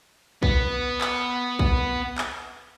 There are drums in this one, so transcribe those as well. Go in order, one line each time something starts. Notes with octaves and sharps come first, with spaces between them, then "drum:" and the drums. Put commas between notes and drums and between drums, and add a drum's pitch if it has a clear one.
B3 B4, drum: kick B1
drum: clap
drum: kick B1
drum: clap